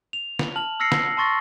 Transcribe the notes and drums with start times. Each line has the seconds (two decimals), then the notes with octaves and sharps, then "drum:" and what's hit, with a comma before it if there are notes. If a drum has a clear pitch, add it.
0.13 F7
0.39 drum: snare
0.56 A5 F6 F#7
0.80 E6 F6 A#6 C7 C#7
0.92 drum: snare
1.17 A5 C6 C#6 A6 A#6